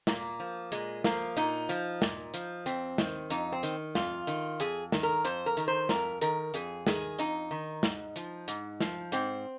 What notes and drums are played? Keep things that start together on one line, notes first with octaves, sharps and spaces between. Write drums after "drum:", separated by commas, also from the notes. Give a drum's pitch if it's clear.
A#2 A#3, drum: snare
F3
A#2 G#3, drum: hi-hat
F3 A#3, drum: snare
A#2 D#4, drum: hi-hat
F3, drum: hi-hat
A#2, drum: snare
F3, drum: hi-hat
F2 C4, drum: hi-hat
D#3, drum: snare
F2 D#4, drum: hi-hat
C4
D#3, drum: hi-hat
F2 F4, drum: snare
D#3, drum: hi-hat
F2 G#4, drum: hi-hat
D#3, drum: snare
A#4
F2 C5, drum: hi-hat
A#4
D#3, drum: hi-hat
C5
F2 A#4, drum: snare
D#3 A#4, drum: hi-hat
F2 G#4, drum: hi-hat
D#3 G#4, drum: snare
F2 D#4, drum: hi-hat
D#3
G#2, drum: snare
F3, drum: hi-hat
G#2, drum: hi-hat
F3, drum: snare
G#2 C4, drum: hi-hat